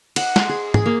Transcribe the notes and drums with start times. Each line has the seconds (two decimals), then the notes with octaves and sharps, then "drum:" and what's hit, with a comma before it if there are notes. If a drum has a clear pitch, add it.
0.16 F#5, drum: cymbal
0.36 C6, drum: snare
0.49 G#4
0.74 G#4, drum: tom
0.86 A#3